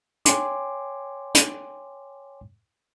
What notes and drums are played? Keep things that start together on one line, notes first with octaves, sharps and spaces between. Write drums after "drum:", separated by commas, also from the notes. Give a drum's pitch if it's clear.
C#5 G5 G#5 C6 D6, drum: hi-hat
drum: hi-hat